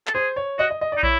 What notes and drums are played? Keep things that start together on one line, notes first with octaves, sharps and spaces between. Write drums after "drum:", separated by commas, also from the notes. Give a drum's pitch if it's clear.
A4, drum: clap
G#4 C5
C#5
F#4 D#5
D#5
D#5
D5
D#4
E4 C#5, drum: kick